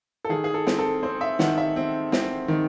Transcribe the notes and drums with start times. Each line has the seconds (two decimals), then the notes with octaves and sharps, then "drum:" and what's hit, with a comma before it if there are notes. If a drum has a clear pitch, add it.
0.25 A4
0.29 D#3 G#4
0.44 G#4
0.54 A4
0.67 C4, drum: snare
0.79 A4
1.03 C4 C5
1.21 E5
1.39 D#3 F#5, drum: snare
1.58 E5
1.76 C4
2.12 C4, drum: snare
2.48 D#3